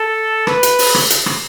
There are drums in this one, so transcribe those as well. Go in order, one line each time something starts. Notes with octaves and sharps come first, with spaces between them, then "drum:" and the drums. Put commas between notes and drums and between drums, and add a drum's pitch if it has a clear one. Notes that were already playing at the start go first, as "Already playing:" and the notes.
Already playing: A4
B4, drum: rim click
drum: hi-hat
drum: open hi-hat
drum: rim click
drum: hi-hat
drum: rim click